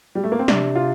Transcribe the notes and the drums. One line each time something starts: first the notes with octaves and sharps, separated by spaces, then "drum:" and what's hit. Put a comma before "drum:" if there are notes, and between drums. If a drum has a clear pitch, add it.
G3
A3
A#3
C4
C3 D4, drum: snare
F4